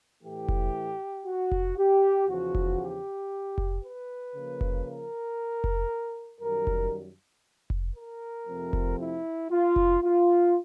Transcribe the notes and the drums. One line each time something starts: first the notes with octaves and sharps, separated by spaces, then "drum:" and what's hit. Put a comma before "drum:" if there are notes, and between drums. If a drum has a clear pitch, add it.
A2 E3 A3 G4
drum: kick F1
F#4
drum: kick F1
G4
E2 C#3 F3 F#4
drum: kick F1
G4
drum: kick F1
B4
C#3 F3 A#3
drum: kick F1
A#4
drum: kick F1
F#2 D#3 G3 A#4
drum: kick F1
drum: kick F1
A#4
F2 C3 F3 A3 C4
drum: kick F1
E4
F4
drum: kick F1
F4